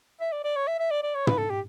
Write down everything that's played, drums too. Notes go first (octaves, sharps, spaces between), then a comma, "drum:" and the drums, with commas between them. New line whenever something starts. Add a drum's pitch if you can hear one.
E5
D5
D5
C#5
E5
E5
D5
D5
C#5
B4, drum: tom
A4
G4